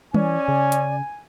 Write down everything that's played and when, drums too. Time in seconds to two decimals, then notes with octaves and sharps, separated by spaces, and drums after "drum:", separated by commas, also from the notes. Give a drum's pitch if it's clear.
0.14 E3 C#4 D5 G#5, drum: tom G3
0.48 C#3
0.72 drum: hi-hat